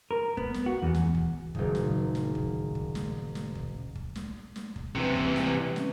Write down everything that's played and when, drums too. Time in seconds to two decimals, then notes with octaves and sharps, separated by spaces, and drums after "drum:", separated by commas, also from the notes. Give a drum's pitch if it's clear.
0.11 A#4
0.37 B3, drum: kick
0.54 drum: snare
0.66 F#4
0.82 E2
0.94 drum: snare
1.15 drum: kick
1.55 F#1 A#2 D#3, drum: kick
1.75 drum: snare
2.15 drum: snare
2.35 drum: kick
2.75 drum: kick
2.95 drum: snare
3.35 drum: snare
3.55 drum: kick
3.95 drum: kick
4.15 drum: snare
4.56 drum: snare
4.76 drum: kick
4.95 C3 E3 C4 B4 G5
5.16 drum: kick
5.36 drum: snare
5.76 C4 C#4, drum: snare